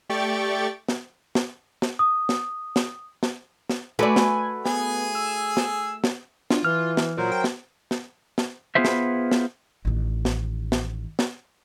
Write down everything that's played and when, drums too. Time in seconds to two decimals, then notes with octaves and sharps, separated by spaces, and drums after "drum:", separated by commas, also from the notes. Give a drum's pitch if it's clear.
0.09 A3 G4 D5 G5 C#6 A6
0.89 drum: snare
1.35 drum: snare
1.82 drum: snare
1.99 D#6
2.29 drum: snare
2.76 drum: snare
3.23 drum: snare
3.69 drum: snare
3.99 A3 F#4 B4 D5 G#5
4.16 drum: snare
4.65 B3 G#4 G#5, drum: snare
5.15 E6
5.57 drum: snare
6.04 drum: snare
6.50 D4 F4, drum: snare
6.65 E3 F6
6.97 drum: snare
7.18 A#2 F#3 A#4 C5
7.32 G5
7.44 drum: snare
7.91 drum: snare
8.38 drum: snare
8.75 B3 F4 G#4 B4 C5 E5
8.85 drum: snare
9.31 drum: snare
9.85 A1 D#3
10.25 drum: snare
10.72 drum: snare
11.19 drum: snare